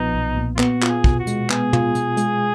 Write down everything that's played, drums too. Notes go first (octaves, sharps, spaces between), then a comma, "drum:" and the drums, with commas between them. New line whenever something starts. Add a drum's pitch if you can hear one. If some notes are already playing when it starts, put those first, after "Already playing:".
Already playing: B1 A#2 F3 B3 D#4
B1
A#2
F4
B3 F#4, drum: clap
F4, drum: clap
G#4
B2, drum: kick
F#4
G#3, drum: hi-hat
B3 G#4, drum: clap
F4, drum: tom
B2, drum: hi-hat
G#3, drum: hi-hat